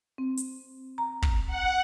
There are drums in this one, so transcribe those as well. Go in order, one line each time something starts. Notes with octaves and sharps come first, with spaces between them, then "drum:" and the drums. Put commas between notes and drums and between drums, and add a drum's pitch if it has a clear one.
C4
drum: hi-hat
A#5
drum: kick
F#5